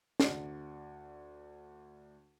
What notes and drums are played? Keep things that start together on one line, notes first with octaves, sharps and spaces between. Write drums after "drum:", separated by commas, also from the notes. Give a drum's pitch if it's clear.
D2 D4, drum: snare